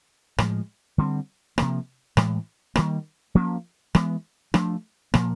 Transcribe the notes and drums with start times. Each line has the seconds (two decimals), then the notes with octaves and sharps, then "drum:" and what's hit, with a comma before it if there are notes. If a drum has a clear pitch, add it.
0.38 A2 F3 G#3, drum: rim click
0.98 D3 G3 C4
1.58 C3 F3 A#3, drum: rim click
2.17 A2 E3 G#3, drum: rim click
2.75 D#3 G3 A#3, drum: rim click
3.35 F3 A#3 C#4
3.95 E3 G#3 B3, drum: rim click
4.54 F3 A3 D4, drum: rim click
5.14 A#2 F3 A#3, drum: rim click